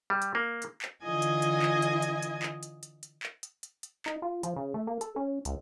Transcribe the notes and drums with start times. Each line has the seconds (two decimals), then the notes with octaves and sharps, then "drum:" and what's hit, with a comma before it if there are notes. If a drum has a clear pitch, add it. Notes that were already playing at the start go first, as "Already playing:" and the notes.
0.10 G3
0.22 drum: hi-hat
0.35 A#3
0.62 drum: hi-hat
0.82 drum: clap
1.04 D3 E3 F4 D#5 G#5 G#6
1.22 drum: hi-hat
1.42 drum: hi-hat
1.62 drum: clap
1.82 drum: hi-hat
2.02 drum: hi-hat
2.22 drum: hi-hat
2.43 drum: clap
2.63 drum: hi-hat
2.83 drum: hi-hat
3.03 drum: hi-hat
3.23 drum: clap
3.43 drum: hi-hat
3.63 drum: hi-hat
3.83 drum: hi-hat
4.06 D#4, drum: clap
4.22 F4
4.43 F3, drum: hi-hat
4.56 C#3
4.74 A3
4.87 A#3
5.01 A4, drum: hi-hat
5.16 C#4
5.45 C#2, drum: hi-hat